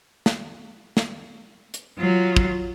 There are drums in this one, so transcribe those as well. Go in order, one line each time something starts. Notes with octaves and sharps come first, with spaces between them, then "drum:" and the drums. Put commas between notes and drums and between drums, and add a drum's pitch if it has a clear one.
drum: snare
drum: snare
drum: hi-hat
F#3 F4
drum: kick